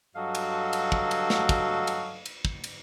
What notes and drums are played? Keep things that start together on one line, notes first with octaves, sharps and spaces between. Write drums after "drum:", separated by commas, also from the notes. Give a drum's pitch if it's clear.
G2 F#3 F#4 A4 D#5 F5
drum: cymbal
drum: cymbal
drum: kick
drum: cymbal
drum: snare
drum: kick, cymbal
drum: cymbal
drum: cymbal
drum: kick
drum: cymbal